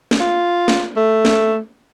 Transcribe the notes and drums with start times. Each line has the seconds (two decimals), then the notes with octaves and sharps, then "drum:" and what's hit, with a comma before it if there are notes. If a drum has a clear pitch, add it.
0.11 drum: snare
0.20 F4
0.68 drum: snare
0.96 A3
1.25 drum: snare